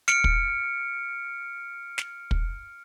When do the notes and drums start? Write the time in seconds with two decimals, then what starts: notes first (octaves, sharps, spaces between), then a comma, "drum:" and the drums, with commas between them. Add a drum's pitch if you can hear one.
0.08 F6 C#7 D7, drum: snare
0.24 drum: kick
1.98 drum: snare
2.31 drum: kick